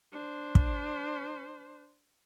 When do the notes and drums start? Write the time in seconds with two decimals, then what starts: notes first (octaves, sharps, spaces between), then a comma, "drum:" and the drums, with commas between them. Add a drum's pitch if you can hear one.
0.12 D4 C5
0.55 drum: kick